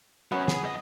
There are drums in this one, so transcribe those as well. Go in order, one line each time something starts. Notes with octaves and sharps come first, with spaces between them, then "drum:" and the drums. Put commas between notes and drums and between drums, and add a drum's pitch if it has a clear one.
F#3 B3 C#4
G#4, drum: snare
F2 D#5